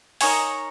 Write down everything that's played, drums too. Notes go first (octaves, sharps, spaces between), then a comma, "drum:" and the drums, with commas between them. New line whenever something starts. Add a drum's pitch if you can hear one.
D#4 A#4 C#5 G#5, drum: open hi-hat